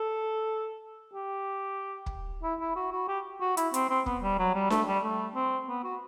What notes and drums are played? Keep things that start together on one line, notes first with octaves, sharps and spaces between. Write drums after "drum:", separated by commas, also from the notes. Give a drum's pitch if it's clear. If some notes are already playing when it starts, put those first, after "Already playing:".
Already playing: A4
G4
drum: kick
E4
E4
F#4
F#4
G4
F#4
E4, drum: hi-hat
C4, drum: hi-hat
C4
B3, drum: kick
G3
F#3
G3
A3, drum: snare D4
G3
A3
C4
B3
F#4